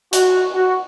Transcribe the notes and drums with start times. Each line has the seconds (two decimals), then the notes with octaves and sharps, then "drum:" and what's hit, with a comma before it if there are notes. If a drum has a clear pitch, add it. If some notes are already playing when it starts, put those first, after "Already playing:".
0.13 F#4, drum: hi-hat
0.54 F#4